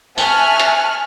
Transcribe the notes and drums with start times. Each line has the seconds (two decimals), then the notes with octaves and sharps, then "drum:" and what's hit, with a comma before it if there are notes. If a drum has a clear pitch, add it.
0.18 E5 G#5 A5 C#6 F6 F#6, drum: tambourine
0.60 drum: hi-hat